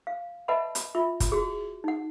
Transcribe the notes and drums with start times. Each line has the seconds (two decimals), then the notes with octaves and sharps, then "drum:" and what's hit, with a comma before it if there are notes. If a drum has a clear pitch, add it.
0.07 F5
0.48 B4 D#5 E5 F#5 A5 B5
0.75 drum: hi-hat
0.95 F4 E5 B5
1.20 drum: kick, hi-hat
1.32 F#4 G#4
1.84 D#4 F#5